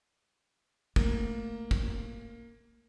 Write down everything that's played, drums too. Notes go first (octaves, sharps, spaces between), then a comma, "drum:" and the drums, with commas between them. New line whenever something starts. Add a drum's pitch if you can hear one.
A3 A#3, drum: kick
drum: kick